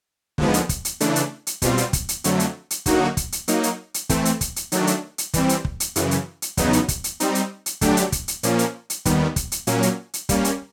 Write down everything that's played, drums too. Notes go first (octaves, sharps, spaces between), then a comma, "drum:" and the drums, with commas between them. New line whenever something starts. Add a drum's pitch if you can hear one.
D#2 D3 F3 G#3 B3, drum: kick
drum: hi-hat
drum: kick, hi-hat
drum: hi-hat
C#3 E3 A3 D4, drum: hi-hat
drum: hi-hat
drum: hi-hat
B2 G3 C4 F4, drum: kick, hi-hat
drum: hi-hat
drum: kick, hi-hat
drum: hi-hat
F2 D3 F#3 A3, drum: hi-hat
drum: hi-hat
drum: hi-hat
D3 F#3 A#3 D#4 F#4, drum: kick, hi-hat
drum: kick, hi-hat
drum: hi-hat
F#3 A#3 D#4, drum: hi-hat
drum: hi-hat
drum: hi-hat
E3 A3 C4, drum: kick, hi-hat
drum: hi-hat
drum: kick, hi-hat
drum: hi-hat
D#3 F#3 A3 D4, drum: hi-hat
drum: hi-hat
drum: hi-hat
E3 G3 C4, drum: kick, hi-hat
drum: hi-hat
drum: kick
drum: hi-hat
F#2 C#3 E3, drum: hi-hat
drum: hi-hat
drum: hi-hat
E2 C#3 F#3 B3 D#4, drum: kick, hi-hat
drum: hi-hat
drum: kick, hi-hat
drum: hi-hat
G3 C4 D#4, drum: hi-hat
drum: hi-hat
drum: hi-hat
D3 F#3 A3 D4 G4, drum: kick, hi-hat
drum: hi-hat
drum: kick, hi-hat
drum: hi-hat
A#2 F3 A#3 C#4, drum: hi-hat
drum: hi-hat
drum: hi-hat
D#2 D#3 G3 B3, drum: kick, hi-hat
drum: kick, hi-hat
drum: hi-hat
A#2 F#3 A#3 C#4, drum: hi-hat
drum: hi-hat
drum: hi-hat
G3 A#3 C#4, drum: kick, hi-hat
drum: hi-hat